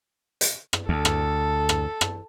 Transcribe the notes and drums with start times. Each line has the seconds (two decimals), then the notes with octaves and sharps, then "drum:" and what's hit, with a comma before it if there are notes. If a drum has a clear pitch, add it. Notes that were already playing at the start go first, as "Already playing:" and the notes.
0.41 drum: hi-hat
0.73 drum: rim click
0.89 D2 A4
1.05 drum: rim click
1.69 drum: rim click
2.01 drum: rim click